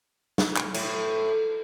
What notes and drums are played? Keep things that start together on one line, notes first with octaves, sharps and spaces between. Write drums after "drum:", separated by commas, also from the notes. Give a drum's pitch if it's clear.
drum: snare
drum: clap
A2, drum: cymbal